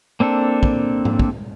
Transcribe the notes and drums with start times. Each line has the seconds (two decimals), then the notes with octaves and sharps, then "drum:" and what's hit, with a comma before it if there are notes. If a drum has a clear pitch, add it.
0.20 A#3 C4 D4 A4
0.63 drum: kick
1.05 drum: tom G#2
1.19 drum: kick